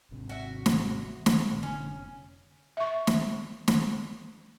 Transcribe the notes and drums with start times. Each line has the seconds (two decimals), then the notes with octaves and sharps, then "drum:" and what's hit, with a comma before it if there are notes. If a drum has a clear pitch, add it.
0.11 G#1 C3
0.29 F#4 E5
0.66 drum: snare
1.26 drum: snare
1.51 A#1 A#2 D#3
1.63 F1 D3 C#4
2.77 E5 C#6
3.07 drum: snare
3.68 drum: snare